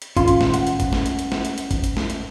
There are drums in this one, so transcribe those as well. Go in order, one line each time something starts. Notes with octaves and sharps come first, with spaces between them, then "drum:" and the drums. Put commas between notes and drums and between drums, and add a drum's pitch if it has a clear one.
drum: hi-hat
G#1 A#2 C#4 F4 C6, drum: kick, hi-hat
drum: hi-hat
drum: snare
F#5, drum: hi-hat
drum: hi-hat
drum: kick, hi-hat
drum: snare
drum: hi-hat
drum: hi-hat
drum: snare
drum: hi-hat
drum: hi-hat
drum: kick, hi-hat
drum: hi-hat
drum: snare
drum: hi-hat